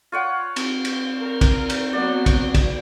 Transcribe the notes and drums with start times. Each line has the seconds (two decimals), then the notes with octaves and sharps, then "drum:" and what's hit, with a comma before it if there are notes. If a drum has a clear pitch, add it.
0.12 F4 C#5 F#5
0.56 C4, drum: cymbal
0.85 drum: cymbal
1.22 A#4
1.41 drum: kick, cymbal
1.70 drum: cymbal
1.93 F#3 B3 F#4 D5
2.26 drum: kick, cymbal
2.55 drum: kick, cymbal